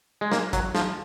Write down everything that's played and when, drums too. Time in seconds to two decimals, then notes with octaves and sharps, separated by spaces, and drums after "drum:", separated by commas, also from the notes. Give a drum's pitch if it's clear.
0.21 G#3
0.32 A#3, drum: snare
0.53 F#3, drum: kick, hi-hat
0.75 F3, drum: snare